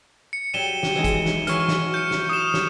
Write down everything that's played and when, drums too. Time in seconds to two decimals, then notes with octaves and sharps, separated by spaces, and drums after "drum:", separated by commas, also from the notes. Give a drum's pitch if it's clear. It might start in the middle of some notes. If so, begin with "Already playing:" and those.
0.33 C#7
0.54 F#3 G3 D#7 E7 G7
0.83 drum: snare
0.95 E3 G#3 D#4
1.04 drum: kick, hi-hat
1.26 drum: snare
1.47 E3 F#3 C#6 F6, drum: hi-hat
1.68 drum: snare
1.94 G6 C#7
2.11 drum: snare
2.29 C6 D#6 E7
2.54 drum: snare